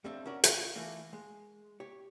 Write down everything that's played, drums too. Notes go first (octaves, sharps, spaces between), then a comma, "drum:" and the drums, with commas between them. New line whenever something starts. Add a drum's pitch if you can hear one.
F2 G3 A3 C4 D4
C#4 F#4 A#4 D5
F4, drum: hi-hat
E3 A3 A#3
G#3
G4 C#5